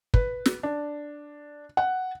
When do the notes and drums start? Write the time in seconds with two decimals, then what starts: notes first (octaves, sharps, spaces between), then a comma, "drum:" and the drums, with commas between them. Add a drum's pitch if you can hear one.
0.14 B4, drum: kick
0.46 drum: snare
0.63 D4
1.77 F#5